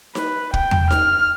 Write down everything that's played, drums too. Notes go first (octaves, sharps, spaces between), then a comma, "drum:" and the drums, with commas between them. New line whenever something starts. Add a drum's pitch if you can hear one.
B4, drum: snare D#4
G5, drum: kick
drum: tom E2
F6, drum: snare D#4